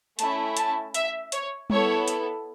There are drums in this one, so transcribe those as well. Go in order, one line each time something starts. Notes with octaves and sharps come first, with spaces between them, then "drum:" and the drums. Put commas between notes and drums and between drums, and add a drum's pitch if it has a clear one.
A3 C#4 E4 A5, drum: hi-hat
A5, drum: hi-hat
E5, drum: hi-hat
C#5, drum: hi-hat
B3 E4 A4 C#5, drum: tom G3
drum: hi-hat